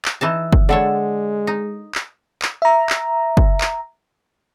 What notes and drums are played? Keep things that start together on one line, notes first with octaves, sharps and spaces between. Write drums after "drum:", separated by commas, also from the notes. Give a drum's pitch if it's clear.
drum: clap
E3 D#4 A5
drum: kick
D3 G#3 A4 C#5 D5 F#5
D#4
drum: clap
drum: clap
E5 A#5
drum: clap
drum: kick
drum: clap